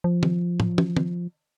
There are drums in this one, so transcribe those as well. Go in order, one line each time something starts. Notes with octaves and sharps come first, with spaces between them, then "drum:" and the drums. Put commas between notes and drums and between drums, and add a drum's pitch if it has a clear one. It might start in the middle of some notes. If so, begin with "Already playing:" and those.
F3
drum: tom
drum: tom
drum: tom
drum: tom